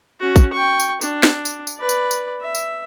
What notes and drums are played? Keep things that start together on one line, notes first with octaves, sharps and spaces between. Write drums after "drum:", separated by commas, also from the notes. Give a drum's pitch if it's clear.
C#4 F#4
drum: kick, tambourine
G5 C#6
drum: tambourine
D4, drum: tambourine
drum: snare
drum: tambourine
drum: tambourine
B4 D5
drum: tambourine
drum: tambourine
E5
drum: tambourine